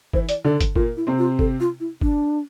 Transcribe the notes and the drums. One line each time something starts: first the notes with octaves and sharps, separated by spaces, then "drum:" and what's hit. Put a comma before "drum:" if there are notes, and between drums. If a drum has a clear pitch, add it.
E3 E4 C5, drum: kick
D5, drum: hi-hat
D3 D4 A4
drum: kick, hi-hat
A#2 A#3 F4, drum: kick
E4
C3 C4
F4
A4, drum: kick
F4
E4
D4, drum: kick